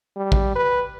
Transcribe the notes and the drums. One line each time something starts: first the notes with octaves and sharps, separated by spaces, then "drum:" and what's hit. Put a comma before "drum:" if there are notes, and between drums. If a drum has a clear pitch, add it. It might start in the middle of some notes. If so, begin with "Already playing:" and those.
G3
drum: kick
B4